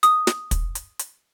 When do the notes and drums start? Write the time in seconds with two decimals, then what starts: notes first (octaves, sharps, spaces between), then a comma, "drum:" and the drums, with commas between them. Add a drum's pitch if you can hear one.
0.03 D#6, drum: hi-hat
0.27 drum: snare
0.51 drum: kick, hi-hat
0.75 drum: hi-hat
0.99 drum: hi-hat